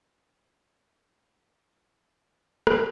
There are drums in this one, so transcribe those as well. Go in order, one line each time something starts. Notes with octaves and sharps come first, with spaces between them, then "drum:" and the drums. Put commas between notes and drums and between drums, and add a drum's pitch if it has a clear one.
F2 B2 F5 A#5 C#6 G6
drum: rim click